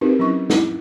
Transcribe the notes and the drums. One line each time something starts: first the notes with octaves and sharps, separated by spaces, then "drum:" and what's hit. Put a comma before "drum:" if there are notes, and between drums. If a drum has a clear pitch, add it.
C4 D#4 F#4 G4 A#4 B4
F#3 C#4 E4 C#6
D#4 E4, drum: snare